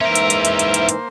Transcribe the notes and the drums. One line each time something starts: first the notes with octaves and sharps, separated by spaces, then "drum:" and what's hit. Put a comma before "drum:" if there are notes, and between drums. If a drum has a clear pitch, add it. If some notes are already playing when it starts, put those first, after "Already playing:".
G#2 E3 A#3 C#4 A#4 C5 E5
drum: hi-hat
drum: hi-hat
drum: hi-hat
drum: hi-hat
drum: hi-hat
drum: hi-hat